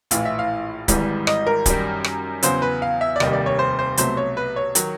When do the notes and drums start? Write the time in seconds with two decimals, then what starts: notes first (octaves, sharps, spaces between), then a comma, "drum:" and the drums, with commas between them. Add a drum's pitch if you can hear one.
0.11 A#1 A2 E3 F5, drum: hi-hat
0.25 E5
0.39 F5
0.88 G#1 G#2 E3 G3, drum: kick C#1, hi-hat
1.27 D#5, drum: rim click
1.47 A#4
1.66 F#2 D#3 G3, drum: kick C#1, hi-hat
2.04 drum: rim click
2.43 E2 C#3 F#3 C5, drum: hi-hat
2.62 B4
2.82 F5
3.01 E5
3.16 D5
3.20 F1 D#2 D#3 G3 D#5, drum: rim click
3.33 D5
3.46 C#5
3.59 C5
3.79 C5
3.97 C2 B2 F#3 A3 C5, drum: hi-hat
4.17 C#5
4.37 B4
4.56 C#5
4.75 D#3 F#3, drum: hi-hat